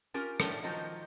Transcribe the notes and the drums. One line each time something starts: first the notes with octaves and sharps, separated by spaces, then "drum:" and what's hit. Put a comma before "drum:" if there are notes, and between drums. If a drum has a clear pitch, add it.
C#4 F4 G4 A#4
A2 C#4 D4, drum: rim click
D#3 F3 F#3 D#4